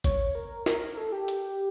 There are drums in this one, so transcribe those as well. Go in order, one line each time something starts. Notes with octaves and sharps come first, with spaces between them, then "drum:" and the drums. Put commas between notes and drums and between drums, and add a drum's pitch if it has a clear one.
C#5, drum: kick G#1, hi-hat
A#4
A#4, drum: snare
A4
G4
drum: hi-hat